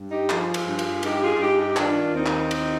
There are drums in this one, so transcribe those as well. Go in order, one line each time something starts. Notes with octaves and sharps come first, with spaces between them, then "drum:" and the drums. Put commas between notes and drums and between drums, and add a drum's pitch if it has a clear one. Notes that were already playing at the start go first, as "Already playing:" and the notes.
Already playing: G2
D#4 G4
F3 F4 G#4, drum: clap
drum: cymbal
G2
drum: cymbal
G2 D#4 G4, drum: cymbal
F4 G#4
F4
G2 D#4 G4
D#4 G4
G4
D#3 D4 F4, drum: clap
D#2 C4 D#4
drum: clap
D#3, drum: cymbal